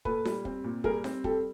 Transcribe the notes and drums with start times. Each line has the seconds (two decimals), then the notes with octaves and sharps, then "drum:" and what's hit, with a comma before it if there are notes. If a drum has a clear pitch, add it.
0.05 A#2 A4 B4, drum: kick
0.25 G3, drum: snare D#4
0.45 C4, drum: kick
0.64 A#2
0.84 G3 G#4 A#4, drum: kick
1.04 C4, drum: snare D#4
1.24 G3 G4 A4, drum: kick